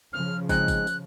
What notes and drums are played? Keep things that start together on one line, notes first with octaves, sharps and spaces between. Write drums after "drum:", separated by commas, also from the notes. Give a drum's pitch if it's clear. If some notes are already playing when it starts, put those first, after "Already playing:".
C#3 F3 F6
G#3 C4 D#4 F#6, drum: kick, tambourine
drum: kick, tambourine
drum: tambourine